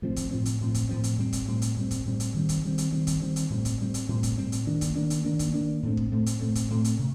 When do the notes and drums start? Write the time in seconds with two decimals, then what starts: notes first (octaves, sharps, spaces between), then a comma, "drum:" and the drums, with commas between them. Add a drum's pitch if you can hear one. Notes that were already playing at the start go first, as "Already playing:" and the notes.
0.02 A2 F3 C4
0.16 drum: kick, hi-hat
0.31 A2 F3 C4
0.45 drum: hi-hat
0.60 A2 F3 C4
0.75 drum: kick, hi-hat
0.89 A2 F3 C4
1.04 drum: hi-hat
1.18 A2 G3 C4
1.33 drum: kick, hi-hat
1.47 A2 G3 C4
1.62 drum: hi-hat
1.76 A2 G3 C4
1.91 drum: kick, hi-hat
2.05 A2 G3 C4
2.20 drum: hi-hat
2.34 D#3 G3 C4
2.49 drum: kick, hi-hat
2.63 D#3 G3 C4
2.78 drum: hi-hat
2.92 D#3 G3 C4
3.07 drum: kick, hi-hat
3.21 D#3 G3 C4
3.36 drum: hi-hat
3.50 A2 G3 C4
3.65 drum: kick, hi-hat
3.79 A2 G3 C4
3.94 drum: hi-hat
4.09 A2 G3 C4
4.23 drum: kick, hi-hat
4.38 A2 G3 C4
4.52 drum: hi-hat
4.67 D#3 A#3 D4
4.81 drum: kick, hi-hat
4.95 D#3 A#3 D4
5.10 drum: hi-hat
5.25 D#3 A#3 D4
5.39 drum: kick, hi-hat
5.54 D#3 A#3 D4
5.83 A2 A3 C4
5.97 drum: kick
6.12 A2 A3 C4
6.26 drum: hi-hat
6.41 A2 A3 C4
6.55 drum: kick, hi-hat
6.70 A2 A3 C4
6.84 drum: hi-hat
6.99 C3